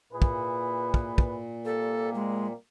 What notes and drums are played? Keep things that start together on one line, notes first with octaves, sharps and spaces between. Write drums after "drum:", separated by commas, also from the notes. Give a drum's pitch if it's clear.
A#2 E4 G#4 B4
drum: kick
drum: kick
drum: kick
C3 G3 A#3 A4
G#3